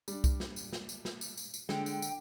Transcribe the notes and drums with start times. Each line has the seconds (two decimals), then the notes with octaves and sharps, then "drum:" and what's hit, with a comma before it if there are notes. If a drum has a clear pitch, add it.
0.08 G3 D4, drum: tambourine
0.24 drum: kick C2, tambourine
0.40 drum: snare
0.56 drum: tambourine
0.73 drum: snare
0.89 drum: tambourine
1.05 drum: snare
1.21 drum: tambourine
1.37 drum: tambourine
1.54 drum: tambourine
1.69 D3 G#3 G5, drum: snare
1.86 drum: tambourine
2.02 drum: tambourine